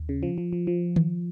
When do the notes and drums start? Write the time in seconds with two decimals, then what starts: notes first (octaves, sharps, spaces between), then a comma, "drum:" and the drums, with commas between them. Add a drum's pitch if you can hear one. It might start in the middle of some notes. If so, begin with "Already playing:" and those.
Already playing: D#2
0.09 C#3
0.23 F3
0.38 F3
0.53 F3
0.67 F3
0.96 drum: tom D#3